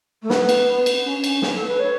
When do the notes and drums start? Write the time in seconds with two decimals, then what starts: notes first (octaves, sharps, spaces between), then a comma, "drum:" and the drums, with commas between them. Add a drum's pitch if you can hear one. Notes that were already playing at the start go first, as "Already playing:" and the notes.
0.22 A3
0.30 B3, drum: snare
0.49 drum: cymbal
0.86 drum: cymbal
1.05 C#4
1.24 drum: cymbal
1.33 C#4
1.42 B3, drum: snare
1.55 A4
1.68 B4
1.79 C#5